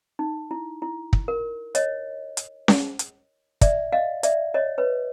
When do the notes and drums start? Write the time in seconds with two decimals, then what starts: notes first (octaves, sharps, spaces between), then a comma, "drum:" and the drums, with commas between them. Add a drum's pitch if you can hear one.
0.19 D#4
0.51 E4
0.82 E4
1.13 drum: kick
1.28 A#4
1.75 C#5 D#5, drum: hi-hat
2.37 drum: hi-hat
2.68 drum: snare C#4
2.99 drum: hi-hat
3.61 D5 E5, drum: kick, hi-hat
3.92 D#5 F5
4.23 D5 E5, drum: hi-hat
4.54 C#5 D#5
4.78 B4 C#5